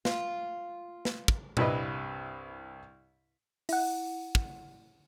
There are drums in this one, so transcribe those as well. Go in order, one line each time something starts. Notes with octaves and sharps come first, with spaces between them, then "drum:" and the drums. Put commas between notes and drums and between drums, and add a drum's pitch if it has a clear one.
F4, drum: snare
drum: snare
drum: kick
C2 G2 E4 B4 D#5, drum: tom A#2
E4 F#5, drum: open hi-hat
drum: kick